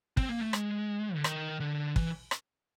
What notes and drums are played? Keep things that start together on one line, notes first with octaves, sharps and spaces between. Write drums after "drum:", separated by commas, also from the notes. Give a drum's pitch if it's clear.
C4, drum: kick
A#3
A3
G#3, drum: rim click
D3
D#3, drum: rim click
D3
E3, drum: kick
drum: rim click